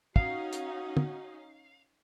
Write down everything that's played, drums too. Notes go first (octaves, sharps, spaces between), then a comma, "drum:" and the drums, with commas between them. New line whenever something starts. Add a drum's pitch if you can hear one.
C#4 D#4 F#4 F5, drum: kick
drum: hi-hat
drum: tom